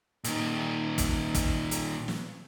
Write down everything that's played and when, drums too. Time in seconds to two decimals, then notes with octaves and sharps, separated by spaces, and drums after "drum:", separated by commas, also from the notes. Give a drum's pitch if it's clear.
0.24 A#2 D#3, drum: hi-hat
0.98 drum: kick, hi-hat
1.35 drum: kick, hi-hat
1.71 drum: hi-hat
2.08 drum: snare